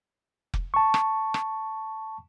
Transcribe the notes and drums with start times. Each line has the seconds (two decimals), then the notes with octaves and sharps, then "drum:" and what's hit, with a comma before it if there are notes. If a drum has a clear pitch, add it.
0.54 drum: kick F1
0.74 A5 C#6
0.94 drum: rim click
1.34 drum: rim click